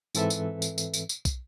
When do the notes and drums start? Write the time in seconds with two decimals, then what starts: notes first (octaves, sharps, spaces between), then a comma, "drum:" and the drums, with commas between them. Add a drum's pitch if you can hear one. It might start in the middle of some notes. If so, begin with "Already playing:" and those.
0.15 G#2 E3 C4 A4 B4 E5, drum: tambourine
0.30 drum: tambourine
0.62 drum: tambourine
0.78 drum: tambourine
0.94 drum: tambourine
1.09 drum: tambourine
1.25 drum: kick, tambourine